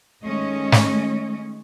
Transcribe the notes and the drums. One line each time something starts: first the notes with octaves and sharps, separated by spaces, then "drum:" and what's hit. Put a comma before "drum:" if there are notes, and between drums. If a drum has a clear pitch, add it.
D#3 G#3 A3 C#4 C#5 D#5
drum: snare